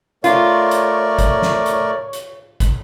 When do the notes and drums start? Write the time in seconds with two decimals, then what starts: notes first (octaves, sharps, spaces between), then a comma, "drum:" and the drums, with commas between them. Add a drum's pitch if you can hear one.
0.24 A3 F4 A#4 C#5 D5, drum: hi-hat
0.71 drum: hi-hat
1.19 drum: kick, hi-hat
1.42 drum: snare
1.66 drum: hi-hat
2.13 drum: hi-hat
2.60 drum: kick, hi-hat